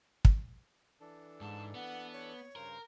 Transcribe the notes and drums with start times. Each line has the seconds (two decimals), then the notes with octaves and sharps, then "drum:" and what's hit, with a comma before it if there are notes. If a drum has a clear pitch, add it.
0.25 drum: kick
1.01 E3 D4 A4
1.41 G#2 A5
1.75 B3 F#5
2.13 C#5
2.56 G2 C#3 A#4 C5